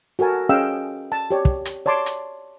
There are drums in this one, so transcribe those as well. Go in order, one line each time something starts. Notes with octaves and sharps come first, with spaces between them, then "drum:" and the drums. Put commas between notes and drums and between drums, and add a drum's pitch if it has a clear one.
F#4 A4 A#4 G#5 A5
C#4 G#4 D#5 F5 G5 E6
A5
G4 C#5 D5
drum: kick
drum: hi-hat
C#5 D5 A5 C6 D6
drum: hi-hat